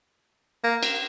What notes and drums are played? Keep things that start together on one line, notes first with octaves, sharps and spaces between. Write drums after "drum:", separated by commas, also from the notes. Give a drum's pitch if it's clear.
A#3
drum: cymbal